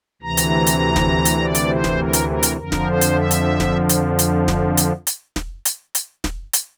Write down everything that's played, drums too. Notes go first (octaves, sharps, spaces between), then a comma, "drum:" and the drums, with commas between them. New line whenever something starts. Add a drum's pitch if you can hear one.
D2 C3 E3 A#5
drum: hi-hat
drum: hi-hat
drum: snare
drum: hi-hat
D5
drum: hi-hat
C5
drum: snare
A#4
drum: hi-hat
A#4
drum: hi-hat
F2 D3 F3 A#4
drum: snare
C5
drum: hi-hat
E5
drum: hi-hat
drum: snare
drum: hi-hat
drum: hi-hat
drum: snare
drum: hi-hat
drum: hi-hat
drum: snare
drum: hi-hat
drum: hi-hat
drum: snare
drum: hi-hat